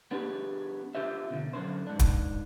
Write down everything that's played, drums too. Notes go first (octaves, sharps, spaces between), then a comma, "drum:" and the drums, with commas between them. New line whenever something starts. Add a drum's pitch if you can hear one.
B3 D4 G4 G#4
D4 F4 G4 C5 E5
B2 D3
F#2 D3 C5
G#2 D4
drum: kick, hi-hat